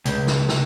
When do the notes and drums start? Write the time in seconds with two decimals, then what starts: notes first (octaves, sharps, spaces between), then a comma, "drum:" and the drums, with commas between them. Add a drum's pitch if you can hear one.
0.05 C#2, drum: hi-hat
0.27 drum: snare
0.49 drum: snare